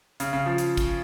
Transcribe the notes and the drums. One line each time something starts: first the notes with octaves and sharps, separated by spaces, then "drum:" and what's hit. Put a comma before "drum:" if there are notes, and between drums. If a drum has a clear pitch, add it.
C#3, drum: hi-hat
C#3
F3
drum: hi-hat
drum: kick, hi-hat